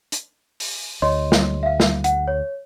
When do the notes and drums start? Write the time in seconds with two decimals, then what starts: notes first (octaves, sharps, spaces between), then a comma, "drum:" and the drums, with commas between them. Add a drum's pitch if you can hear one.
0.12 drum: hi-hat
0.60 drum: open hi-hat
1.02 D2 C#5 D#5 C6
1.32 drum: snare
1.63 E5 F5
1.80 drum: snare
2.04 F#5, drum: hi-hat
2.28 C#5